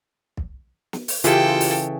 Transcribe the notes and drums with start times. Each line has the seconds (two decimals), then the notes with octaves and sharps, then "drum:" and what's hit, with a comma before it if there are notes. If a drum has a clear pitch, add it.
0.37 drum: kick
0.93 drum: snare
1.08 drum: open hi-hat
1.24 C#3 E3 F4 G4 A4 G5, drum: hi-hat
1.61 drum: open hi-hat